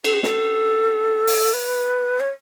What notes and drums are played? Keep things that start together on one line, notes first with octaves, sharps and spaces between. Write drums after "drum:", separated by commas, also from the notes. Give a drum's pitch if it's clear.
A4, drum: cymbal
G#4
A4, drum: snare
drum: open hi-hat
B4
C#5